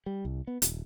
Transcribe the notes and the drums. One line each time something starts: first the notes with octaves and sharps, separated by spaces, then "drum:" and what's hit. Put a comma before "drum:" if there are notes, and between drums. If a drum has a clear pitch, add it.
G3
C2
B3
D#1, drum: hi-hat